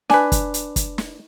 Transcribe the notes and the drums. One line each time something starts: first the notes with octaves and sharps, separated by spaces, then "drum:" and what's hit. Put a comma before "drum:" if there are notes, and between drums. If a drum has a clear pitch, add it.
D4 B4 G#5, drum: snare
drum: kick, hi-hat
drum: hi-hat
drum: kick, hi-hat
drum: snare